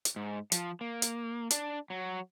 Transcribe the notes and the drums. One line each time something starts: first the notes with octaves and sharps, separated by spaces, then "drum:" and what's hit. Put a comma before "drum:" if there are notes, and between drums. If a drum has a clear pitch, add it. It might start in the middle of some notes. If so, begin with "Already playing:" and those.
drum: hi-hat
G#2
F3, drum: hi-hat
A#3
drum: hi-hat
D4, drum: hi-hat
F#3